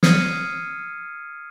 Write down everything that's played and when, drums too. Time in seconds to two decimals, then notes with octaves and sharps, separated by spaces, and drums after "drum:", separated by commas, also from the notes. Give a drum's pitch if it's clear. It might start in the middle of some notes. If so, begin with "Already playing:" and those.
0.03 D#6 F6 G#6 C7 C#7 D#7, drum: snare